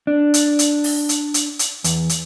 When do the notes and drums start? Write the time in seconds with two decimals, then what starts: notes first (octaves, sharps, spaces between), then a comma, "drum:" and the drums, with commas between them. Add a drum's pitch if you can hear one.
0.07 D4
0.34 drum: hi-hat
0.59 drum: hi-hat
0.84 drum: open hi-hat
1.09 drum: hi-hat
1.34 drum: hi-hat
1.59 drum: hi-hat
1.84 E2, drum: hi-hat
2.09 drum: hi-hat